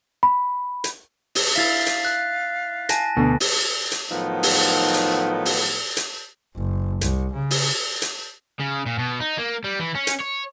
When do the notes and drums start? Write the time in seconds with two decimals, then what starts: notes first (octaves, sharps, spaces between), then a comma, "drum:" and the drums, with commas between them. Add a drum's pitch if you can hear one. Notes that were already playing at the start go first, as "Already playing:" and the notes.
0.23 B5
0.84 drum: hi-hat
1.35 drum: open hi-hat
1.55 E4 E5 F5 A6 B6
1.86 drum: hi-hat
2.05 F#6
2.89 G#5 A5 A#6, drum: hi-hat
3.17 D2 B2 B3
3.40 drum: open hi-hat
3.92 drum: hi-hat
4.11 A2 D#3 F3 F#3 B3 D#4
4.43 drum: open hi-hat
4.94 drum: hi-hat
5.45 drum: open hi-hat
5.97 drum: hi-hat
6.55 F#1
7.01 C2, drum: hi-hat
7.34 C#3
7.51 drum: open hi-hat
8.02 drum: hi-hat
8.60 C#3
8.86 A#2
8.99 B2
9.21 D#4
9.38 A#3
9.64 G3
9.80 E3
9.95 C#4
10.07 drum: hi-hat
10.20 C#5